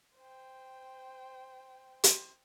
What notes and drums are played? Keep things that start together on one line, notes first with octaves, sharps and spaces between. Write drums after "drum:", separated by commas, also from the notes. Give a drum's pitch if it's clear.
C5 G5
drum: hi-hat